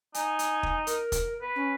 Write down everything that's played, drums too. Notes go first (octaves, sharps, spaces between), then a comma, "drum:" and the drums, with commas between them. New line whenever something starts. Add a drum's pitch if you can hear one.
D#4 G#5, drum: hi-hat
drum: hi-hat
drum: kick
A#4, drum: hi-hat
drum: kick, hi-hat
B4
C#4